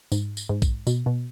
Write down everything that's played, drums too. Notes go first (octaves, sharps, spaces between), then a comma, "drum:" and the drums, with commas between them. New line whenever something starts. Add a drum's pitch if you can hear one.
G#2, drum: tambourine
drum: tambourine
G#2
drum: kick B1, tambourine
B2, drum: tambourine
B2